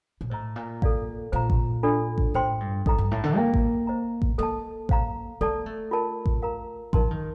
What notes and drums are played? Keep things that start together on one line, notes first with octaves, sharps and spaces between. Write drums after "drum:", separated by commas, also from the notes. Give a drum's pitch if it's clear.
A#2
A2 C5 D#5 A#5
A#2
A4 D5 F5, drum: kick A1
A#2 C5 F5 A#5
drum: kick A1
D4 F4 A4 D5
drum: kick A1
A2 C5 G5 C6
G2
G2 D#4 A4 D#5 A#5, drum: kick A1
G2
A2
D3
A#3 A#4 D#5 G5
drum: kick A1
C5 D#5 A#5
drum: kick A1
A#3 A4 D#5 A5
C5 F5 A#5, drum: kick A1
A#3 A4 D5 A5
A3
F4 A#4 D#5 A5
drum: kick A1
A#4 F5 A#5
F3 D#4 A#4 F5 A5 C6, drum: kick A1
D#3